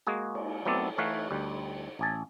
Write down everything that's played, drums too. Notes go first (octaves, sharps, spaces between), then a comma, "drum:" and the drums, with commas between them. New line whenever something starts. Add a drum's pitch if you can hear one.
G#3 A#3 F#4 G#4
drum: cymbal
F#3 A3 B3 C4 A4 D5
E3 A3 D#4 C#5 F5 F#5
D2 G3
A1 G#5 A5